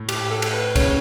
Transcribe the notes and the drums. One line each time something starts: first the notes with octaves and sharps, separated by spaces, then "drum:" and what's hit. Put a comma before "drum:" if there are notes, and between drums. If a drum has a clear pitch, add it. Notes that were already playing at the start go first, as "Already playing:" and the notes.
Already playing: A2
G4, drum: cymbal
A4
drum: cymbal
B4
C#3 C#5, drum: kick, cymbal